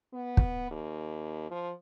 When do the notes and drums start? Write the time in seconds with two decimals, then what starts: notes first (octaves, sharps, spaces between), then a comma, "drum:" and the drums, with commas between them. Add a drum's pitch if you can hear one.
0.13 B3
0.37 drum: kick
0.71 D#2
1.50 F3